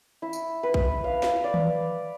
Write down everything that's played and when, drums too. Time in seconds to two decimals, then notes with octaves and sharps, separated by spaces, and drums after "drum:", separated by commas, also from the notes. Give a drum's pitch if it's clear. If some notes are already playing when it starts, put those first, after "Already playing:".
0.22 E4
0.33 drum: tambourine
0.63 B4
0.74 drum: kick A#1
1.04 F5
1.23 drum: snare
1.44 D5
1.54 drum: tom D#3